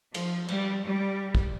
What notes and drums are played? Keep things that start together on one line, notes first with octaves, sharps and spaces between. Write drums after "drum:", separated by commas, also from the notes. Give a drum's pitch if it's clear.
F3, drum: cymbal
G3, drum: cymbal
G3
drum: kick